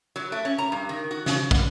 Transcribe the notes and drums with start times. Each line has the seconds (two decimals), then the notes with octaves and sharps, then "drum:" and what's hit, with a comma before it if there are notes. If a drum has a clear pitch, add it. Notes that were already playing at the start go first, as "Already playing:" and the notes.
0.16 F#3
0.32 A3
0.45 C#4
0.58 A#5
0.72 G2
0.89 D#3
1.11 F#4
1.26 C#3, drum: snare
1.51 F#5, drum: kick